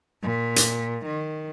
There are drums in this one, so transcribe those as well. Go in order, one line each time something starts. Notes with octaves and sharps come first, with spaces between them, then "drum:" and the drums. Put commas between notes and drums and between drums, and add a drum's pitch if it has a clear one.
A#2
drum: hi-hat
D#3